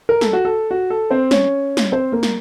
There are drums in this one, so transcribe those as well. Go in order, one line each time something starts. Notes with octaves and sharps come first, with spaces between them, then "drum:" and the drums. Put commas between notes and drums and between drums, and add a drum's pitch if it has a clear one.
A#4
A4, drum: snare
F#4
A4
F#4
A4
C4 C5
C#4 C#5, drum: snare
drum: snare
C4 C5
A#3 A#4
drum: snare